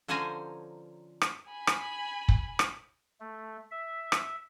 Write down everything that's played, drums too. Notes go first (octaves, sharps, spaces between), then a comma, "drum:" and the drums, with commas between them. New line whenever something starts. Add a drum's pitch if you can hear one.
D3 F3 C#4 C5 G#5 A#5
drum: rim click
G#5 B5
drum: rim click
drum: kick
drum: rim click
A3
E5
drum: rim click